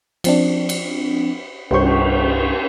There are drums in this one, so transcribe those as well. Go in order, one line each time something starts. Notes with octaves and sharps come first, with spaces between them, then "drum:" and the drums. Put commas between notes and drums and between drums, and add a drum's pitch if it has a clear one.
F3 C4 D4, drum: cymbal
drum: cymbal
C2 G2 G3 C5 C#6 G6, drum: cymbal